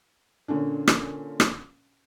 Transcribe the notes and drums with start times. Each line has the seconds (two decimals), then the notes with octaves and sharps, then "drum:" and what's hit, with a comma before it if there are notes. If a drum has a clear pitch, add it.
0.48 A#2 D3 C#4 D4
0.87 drum: rim click
1.40 drum: rim click